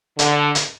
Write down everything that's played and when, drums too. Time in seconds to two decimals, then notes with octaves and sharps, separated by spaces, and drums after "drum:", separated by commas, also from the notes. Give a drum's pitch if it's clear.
0.19 D3, drum: hi-hat
0.55 drum: hi-hat